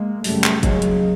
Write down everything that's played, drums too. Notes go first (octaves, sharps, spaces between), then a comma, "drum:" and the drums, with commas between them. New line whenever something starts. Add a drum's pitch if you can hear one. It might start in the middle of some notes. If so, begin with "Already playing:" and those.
Already playing: G#3 A#3
F#2 C#3 G3 A3, drum: open hi-hat
drum: clap
D#2 C#3 F#3 G#3, drum: kick, hi-hat
drum: hi-hat